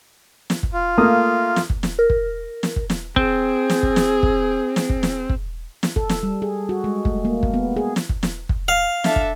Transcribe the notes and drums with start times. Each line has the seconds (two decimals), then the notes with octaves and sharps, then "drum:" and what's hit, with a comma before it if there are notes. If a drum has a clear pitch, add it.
0.50 drum: snare
0.63 drum: kick
0.73 F4
0.98 A3 A#3 D#6
1.56 drum: snare
1.70 drum: kick
1.83 drum: snare
1.99 A#4
2.10 drum: kick
2.63 drum: snare
2.76 drum: kick
2.90 drum: snare
3.16 C4 G#4, drum: kick
3.70 drum: snare
3.83 drum: kick
3.96 drum: snare
4.23 drum: kick
4.76 drum: snare
4.90 drum: kick
5.03 drum: snare
5.29 drum: kick
5.83 drum: snare
5.96 A4, drum: kick
6.09 drum: snare
6.23 G3
6.42 G#4
6.69 F#4
6.84 G#3
7.05 A3, drum: kick
7.25 A#3
7.43 drum: kick
7.54 B3
7.76 G#4
7.96 drum: snare
8.09 drum: kick
8.23 drum: snare
8.49 drum: kick
8.68 F5
9.04 D4 A4 E5, drum: snare
9.16 drum: kick